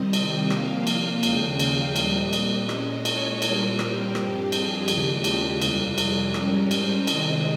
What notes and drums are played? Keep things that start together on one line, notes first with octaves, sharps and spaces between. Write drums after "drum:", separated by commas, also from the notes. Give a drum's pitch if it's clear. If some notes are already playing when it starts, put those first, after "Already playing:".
Already playing: C3 D#3 G3 C4 D#5
G5, drum: cymbal
C3 F3 A#3 F5, drum: rim click
drum: cymbal
D#2 C#3 F3 G#3 G5, drum: cymbal
F5, drum: cymbal
A#2 G3 C4 D#5, drum: cymbal
drum: cymbal
A#2 G#3 C#4 D#5, drum: rim click
C#5, drum: cymbal
A#2 G3 C4 A#4, drum: cymbal
G4, drum: rim click
G2 F3 C4, drum: rim click
G#4, drum: cymbal
D#2 C#3 G#3 G4, drum: cymbal
F4, drum: cymbal
F2 C3 G3, drum: cymbal
G#4, drum: cymbal
G#2 G3 C#4 A#4, drum: rim click
C5, drum: cymbal
C3 D#3 G#3 C4 D#5, drum: cymbal